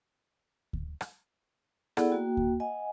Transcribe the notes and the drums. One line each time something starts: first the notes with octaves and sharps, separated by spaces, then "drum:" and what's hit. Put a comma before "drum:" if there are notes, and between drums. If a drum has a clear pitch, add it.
drum: kick D2
drum: rim click
B3 E4 G#4 A4 D5 F#5, drum: rim click
A#3 F#4 G5
drum: kick D2
D#5 F#5 G#5